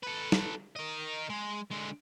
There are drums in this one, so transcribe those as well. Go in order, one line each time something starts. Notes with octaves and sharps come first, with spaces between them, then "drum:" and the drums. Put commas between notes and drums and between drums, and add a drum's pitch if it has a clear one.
A4 B4
drum: snare
A#4 D#5
G#3
D3 G#3